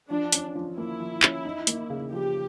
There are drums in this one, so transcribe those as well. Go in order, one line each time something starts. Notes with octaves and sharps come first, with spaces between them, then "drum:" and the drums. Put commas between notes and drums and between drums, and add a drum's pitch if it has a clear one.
F3 D4
C#4, drum: hi-hat
F3
A#3 E4
F3
C#4, drum: clap
D#4
A#3, drum: hi-hat
C#3
F3 G4